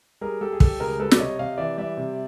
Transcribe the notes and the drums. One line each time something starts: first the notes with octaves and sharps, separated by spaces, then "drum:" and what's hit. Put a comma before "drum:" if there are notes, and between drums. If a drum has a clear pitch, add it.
G3 G#4 A#4
G3 G4 A4
G#4
G3 G4 A4, drum: kick
C#2 G#4 A#4
G3 A4 B4
D5, drum: snare
C3 C#5 D#5
C3 D#5 F5
E3 D5 E5
G3 D5 E5
C3